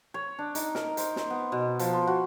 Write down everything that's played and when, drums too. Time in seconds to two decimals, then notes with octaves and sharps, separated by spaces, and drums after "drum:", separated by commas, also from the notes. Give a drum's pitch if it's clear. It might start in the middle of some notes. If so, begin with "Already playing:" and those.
0.14 C#5
0.39 D4
0.55 D#4, drum: hi-hat
0.75 A#4, drum: snare
0.97 C5, drum: hi-hat
1.16 drum: snare
1.30 B3
1.52 B2
1.79 F3, drum: hi-hat
1.93 C6
2.07 F#4